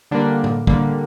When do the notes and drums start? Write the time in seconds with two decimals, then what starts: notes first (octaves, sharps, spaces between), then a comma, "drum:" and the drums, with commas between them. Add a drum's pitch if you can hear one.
0.11 D3 G3 A#3 D4
0.44 drum: tom A2
0.67 D3 G3 A#3, drum: kick